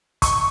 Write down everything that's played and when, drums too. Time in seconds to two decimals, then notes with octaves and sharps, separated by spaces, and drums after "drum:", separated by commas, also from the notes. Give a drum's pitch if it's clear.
0.22 C#6, drum: kick, hi-hat